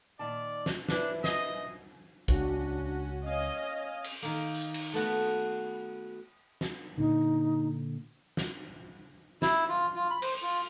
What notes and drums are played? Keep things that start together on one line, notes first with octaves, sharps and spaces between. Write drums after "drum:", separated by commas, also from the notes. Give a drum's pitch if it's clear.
A#2 D#3 D5 A5
drum: snare
D4 E4 B4 C5, drum: snare
D#5, drum: snare
C#2 C#4 D4 F#4, drum: kick A1
C#4 D#5 F5 G#5
drum: cymbal
D#3 A#3
drum: tambourine
drum: cymbal
A3 B3 F#4
drum: snare
A#2 D3 D#4
drum: snare
E4, drum: snare
F4
F4
B5
C5, drum: cymbal
F4